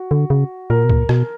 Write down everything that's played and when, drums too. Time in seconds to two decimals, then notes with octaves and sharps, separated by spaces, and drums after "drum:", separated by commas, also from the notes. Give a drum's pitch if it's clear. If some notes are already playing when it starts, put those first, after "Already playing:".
Already playing: F#4
0.11 D3
0.30 C#3
0.70 A#2 A#4
0.85 B2
0.90 A#2, drum: kick
1.09 B2, drum: rim click